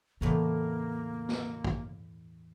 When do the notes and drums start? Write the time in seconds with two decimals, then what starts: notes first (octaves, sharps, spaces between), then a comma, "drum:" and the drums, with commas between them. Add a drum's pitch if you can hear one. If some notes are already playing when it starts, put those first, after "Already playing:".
0.21 E2 A2 C#3 A#3 A#5
1.29 drum: snare
1.64 drum: kick